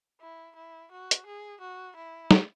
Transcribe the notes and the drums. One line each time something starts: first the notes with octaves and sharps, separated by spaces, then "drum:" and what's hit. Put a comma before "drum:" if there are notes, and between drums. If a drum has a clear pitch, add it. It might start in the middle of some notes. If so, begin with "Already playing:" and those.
E4
E4
F#4
drum: hi-hat
G#4
F#4
E4
drum: snare